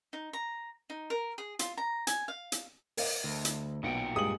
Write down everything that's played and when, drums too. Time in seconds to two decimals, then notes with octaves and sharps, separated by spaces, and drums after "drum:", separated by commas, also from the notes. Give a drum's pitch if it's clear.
0.13 D#4
0.33 A#5
0.90 D#4
1.10 A#4
1.38 G#4
1.59 F4, drum: hi-hat
1.77 A#5
2.07 G#5, drum: hi-hat
2.28 F5
2.52 drum: hi-hat
2.97 A#4 D#5 F5, drum: open hi-hat
3.24 D2
3.45 drum: hi-hat
3.83 B1 A#2 F#3 F#5 G5
4.16 G2 G#3 G4 D#6 F#7